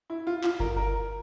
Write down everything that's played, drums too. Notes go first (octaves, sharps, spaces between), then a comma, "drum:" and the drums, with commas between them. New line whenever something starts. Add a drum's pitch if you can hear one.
E4
F4
F4, drum: clap
A#4, drum: kick G1
A#4